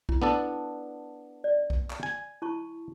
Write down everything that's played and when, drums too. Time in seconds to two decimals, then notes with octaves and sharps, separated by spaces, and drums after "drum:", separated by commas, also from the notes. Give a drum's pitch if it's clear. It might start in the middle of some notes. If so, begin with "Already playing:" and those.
0.09 E4, drum: kick B1
0.22 B3 D4 A4
1.44 D5
1.70 drum: kick B1
1.90 drum: clap
2.03 G#5
2.42 E4 A5 C#6